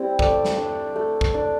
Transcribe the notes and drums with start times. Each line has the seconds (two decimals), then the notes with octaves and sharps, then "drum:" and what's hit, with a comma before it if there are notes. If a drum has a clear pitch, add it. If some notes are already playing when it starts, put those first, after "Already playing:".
Already playing: G3 C4 E4
0.19 A3 D5, drum: kick
0.45 drum: snare
0.57 D4
0.96 A3
1.21 drum: kick
1.34 D4